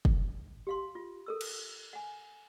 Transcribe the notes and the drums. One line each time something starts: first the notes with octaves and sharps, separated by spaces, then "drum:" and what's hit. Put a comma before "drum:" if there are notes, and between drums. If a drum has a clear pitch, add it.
drum: kick
G4 F5 C6
F4
A4 A#4 E6
drum: cymbal
F#5 G#5